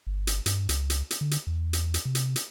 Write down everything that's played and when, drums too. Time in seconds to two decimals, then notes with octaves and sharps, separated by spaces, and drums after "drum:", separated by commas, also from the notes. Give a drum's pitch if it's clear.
0.07 G1
0.27 drum: hi-hat
0.46 G2, drum: hi-hat
0.69 C#2, drum: hi-hat
0.90 drum: hi-hat
1.11 drum: hi-hat
1.21 D3
1.31 drum: hi-hat
1.47 E2
1.73 drum: hi-hat
1.94 drum: hi-hat
2.05 C3
2.15 drum: hi-hat
2.36 drum: hi-hat